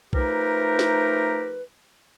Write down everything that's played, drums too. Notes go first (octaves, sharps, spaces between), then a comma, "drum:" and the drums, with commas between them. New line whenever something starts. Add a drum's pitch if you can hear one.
F3 A3 D#4 G4 A#4 B4, drum: kick B1
drum: snare